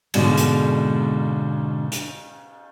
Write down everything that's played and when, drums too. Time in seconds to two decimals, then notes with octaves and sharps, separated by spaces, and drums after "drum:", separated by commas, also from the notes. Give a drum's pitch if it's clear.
0.14 F2 G#2 B2 D3 G#3, drum: cymbal
0.37 drum: hi-hat
1.92 drum: hi-hat